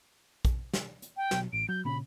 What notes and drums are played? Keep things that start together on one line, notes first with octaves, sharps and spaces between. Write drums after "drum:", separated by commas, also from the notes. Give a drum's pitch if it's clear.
drum: kick A#1, hi-hat
drum: snare
drum: hi-hat
G5
B2 F#3, drum: snare
A1 D7
F#3 G6
A#2 C#3 C#4 B5